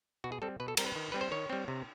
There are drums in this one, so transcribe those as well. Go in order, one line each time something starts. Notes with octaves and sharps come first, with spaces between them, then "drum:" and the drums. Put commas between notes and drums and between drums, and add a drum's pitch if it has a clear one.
B2 F#4
G#4
G3 C4 A4
B2 B4
A4
G3 C4 A#4, drum: cymbal
B4
D#3
G3 C4 B4
C5
D#3 C#5
G3 C4
C3